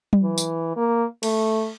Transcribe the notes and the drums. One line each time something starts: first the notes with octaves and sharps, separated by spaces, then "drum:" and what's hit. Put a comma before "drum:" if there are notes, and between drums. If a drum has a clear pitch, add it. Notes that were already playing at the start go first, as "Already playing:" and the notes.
drum: tom F#3
E3
drum: tambourine
A#3
A3, drum: cymbal